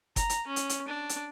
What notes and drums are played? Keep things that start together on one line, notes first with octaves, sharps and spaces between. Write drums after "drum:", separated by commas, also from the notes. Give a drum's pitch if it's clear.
A#5, drum: kick F#1, hi-hat
drum: hi-hat
C#4
drum: hi-hat
drum: hi-hat
D4
drum: hi-hat